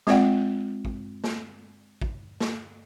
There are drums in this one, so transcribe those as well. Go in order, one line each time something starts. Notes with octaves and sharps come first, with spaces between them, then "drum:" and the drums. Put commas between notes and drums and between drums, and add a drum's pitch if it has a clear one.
G#3 C4 F4 D5 F#5 G5, drum: snare
drum: kick
drum: snare
drum: kick
drum: snare